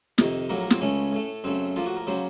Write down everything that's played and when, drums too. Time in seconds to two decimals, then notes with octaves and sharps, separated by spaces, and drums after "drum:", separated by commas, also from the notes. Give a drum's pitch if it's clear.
0.18 F2 C3 D#3, drum: snare
0.49 A#1 A2 F#3 A#3 A#4
0.61 A#4
0.70 C4, drum: snare
0.81 C#2 C#3 A3 C#4
1.12 A2 A3
1.44 F#2 C#3 A3 C4
1.76 A2 F3 A#3 F4
1.87 F#4
1.97 A#4
2.07 C#3 F#3 A#3 C5